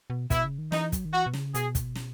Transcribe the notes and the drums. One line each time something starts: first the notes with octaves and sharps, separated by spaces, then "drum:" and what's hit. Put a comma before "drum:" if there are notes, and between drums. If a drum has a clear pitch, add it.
B2
B2 E4, drum: kick, hi-hat
C#3
D#3
E3 D#4, drum: snare
F#3, drum: kick, hi-hat
D#3
E3 F#4
B2
C#3, drum: snare
B2 G#4, drum: hi-hat
drum: kick, hi-hat
drum: snare